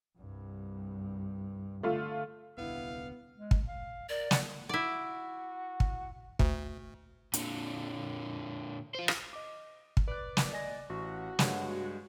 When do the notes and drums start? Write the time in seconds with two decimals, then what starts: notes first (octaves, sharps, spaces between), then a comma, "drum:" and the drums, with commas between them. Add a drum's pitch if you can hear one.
0.18 C2 G2
1.83 D3 A3 F4
2.58 D#1 C2 D3 B3 E4 F5
3.37 G#3
3.51 drum: kick
3.67 F5
4.09 A#4 D5
4.31 F#5, drum: snare
4.69 E4 F#4 D5
5.80 drum: kick
6.39 D2, drum: kick
7.34 A#2 D3, drum: hi-hat
8.95 F4 C5
9.08 drum: rim click
9.33 D#5 D6
9.97 drum: kick
10.08 B4 D5 F#6
10.37 drum: snare
10.53 D#5 G#5 A#6
10.90 A1 F#4
11.39 G2 G#3 C#5, drum: snare